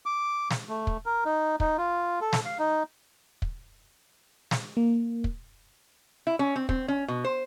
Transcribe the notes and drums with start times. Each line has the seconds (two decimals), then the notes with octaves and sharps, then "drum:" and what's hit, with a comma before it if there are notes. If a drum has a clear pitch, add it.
0.06 D6
0.51 drum: snare
0.69 A3
0.87 drum: kick
1.06 A#4
1.25 D#4
1.60 D#4, drum: kick
1.78 F4
2.21 A4
2.33 drum: snare
2.45 F5
2.59 D#4
3.42 drum: kick
4.51 drum: snare
4.77 A#3
5.24 drum: kick
6.27 E4
6.39 C#4
6.56 C4
6.69 C4, drum: kick
6.88 C#4
7.08 B2
7.25 C5